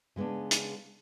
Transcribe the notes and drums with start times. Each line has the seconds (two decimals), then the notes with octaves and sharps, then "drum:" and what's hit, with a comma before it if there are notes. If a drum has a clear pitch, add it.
0.16 C#3 G#3 B3 D4
0.51 drum: hi-hat